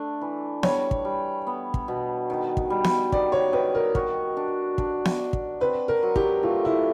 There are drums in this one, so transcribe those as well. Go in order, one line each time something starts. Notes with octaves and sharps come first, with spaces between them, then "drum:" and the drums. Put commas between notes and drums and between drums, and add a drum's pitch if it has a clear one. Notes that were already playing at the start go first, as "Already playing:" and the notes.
Already playing: A3 D4
E3
G3 C#5, drum: snare B3
drum: kick
G3
B3
drum: kick
B2
D#3
drum: kick
G3
drum: snare B3
D#3 D5, drum: kick
C#5
D#3 B4
A#4
F#4 A#4, drum: kick
D4
D4, drum: kick
drum: snare B3
D4
drum: kick
C4 B4
A#4
F#3
G4, drum: kick
A3 F4
E4